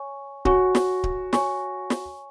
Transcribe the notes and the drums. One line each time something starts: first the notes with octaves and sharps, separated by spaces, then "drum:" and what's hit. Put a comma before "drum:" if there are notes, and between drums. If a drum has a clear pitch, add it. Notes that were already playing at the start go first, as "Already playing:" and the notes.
Already playing: C#5 G#5 C#6
F#4 C#5 G#5 C#6, drum: kick D1
drum: snare
drum: kick D1
C#5 G#5 C#6, drum: snare
drum: snare